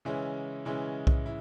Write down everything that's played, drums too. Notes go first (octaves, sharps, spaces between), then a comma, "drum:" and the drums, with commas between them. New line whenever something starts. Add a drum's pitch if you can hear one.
C#3 E3 G#3 C#4 E4
C#3 E3 G#3 C#4 E4
drum: kick B1
E4